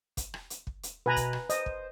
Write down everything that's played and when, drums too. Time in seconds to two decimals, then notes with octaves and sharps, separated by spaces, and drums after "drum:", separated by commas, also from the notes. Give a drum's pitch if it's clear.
0.17 drum: kick, hi-hat
0.34 drum: rim click
0.50 drum: hi-hat
0.67 drum: kick
0.83 drum: hi-hat
1.06 B2 B4 G#5 A#5
1.16 drum: kick, hi-hat
1.33 drum: rim click
1.50 C5 D#5, drum: hi-hat
1.66 drum: kick